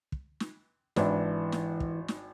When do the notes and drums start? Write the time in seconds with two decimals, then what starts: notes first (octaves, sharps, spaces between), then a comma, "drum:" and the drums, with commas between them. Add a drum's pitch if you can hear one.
0.12 drum: kick
0.40 drum: snare
0.96 G#1 E3 D4 E4, drum: snare
1.52 drum: snare
1.80 drum: kick
2.08 drum: snare